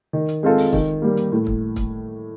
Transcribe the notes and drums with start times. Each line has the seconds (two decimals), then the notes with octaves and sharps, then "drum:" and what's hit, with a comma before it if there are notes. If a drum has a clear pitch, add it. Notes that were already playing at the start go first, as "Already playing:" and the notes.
0.13 D#3
0.28 drum: hi-hat
0.43 G#3 C4 F4 A4
0.58 drum: open hi-hat
0.73 D#3, drum: kick
1.02 G3 A#3
1.17 drum: hi-hat
1.32 A2
1.47 drum: kick
1.76 drum: kick, hi-hat